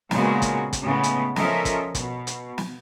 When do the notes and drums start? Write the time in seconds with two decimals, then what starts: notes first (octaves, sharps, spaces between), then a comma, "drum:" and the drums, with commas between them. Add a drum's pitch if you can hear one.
0.11 A#2 C#3 G#3 A#3 B3 F#4, drum: snare
0.42 drum: kick, hi-hat
0.73 drum: kick, hi-hat
0.83 A2 C#3 G#3 B3
1.03 drum: hi-hat
1.36 F3 C#4 A4 A#4 D#5 E5, drum: snare
1.65 drum: kick, hi-hat
1.95 B2, drum: kick, hi-hat
2.27 drum: hi-hat
2.58 drum: snare